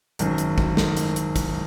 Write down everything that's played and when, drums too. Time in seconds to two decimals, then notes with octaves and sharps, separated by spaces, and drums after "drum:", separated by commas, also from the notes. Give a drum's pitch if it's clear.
0.19 G#1 F#2 D#3, drum: hi-hat
0.38 drum: hi-hat
0.58 drum: kick
0.77 D#3, drum: snare
0.97 drum: hi-hat
1.16 drum: hi-hat
1.36 drum: kick, hi-hat